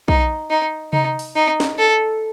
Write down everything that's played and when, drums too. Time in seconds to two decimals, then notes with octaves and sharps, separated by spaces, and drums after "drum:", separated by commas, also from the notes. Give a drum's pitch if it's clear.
0.08 D#4, drum: kick
0.50 D#4
0.93 D#4, drum: tom C3
1.19 drum: open hi-hat
1.36 D#4
1.60 drum: snare
1.79 A4